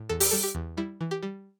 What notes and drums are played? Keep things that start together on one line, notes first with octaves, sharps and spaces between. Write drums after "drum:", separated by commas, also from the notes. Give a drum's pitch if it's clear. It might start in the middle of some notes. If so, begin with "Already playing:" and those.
Already playing: A2
E2 A4
G4, drum: open hi-hat
G3 A4
G4
E2
G3 E4
E3
G4
G3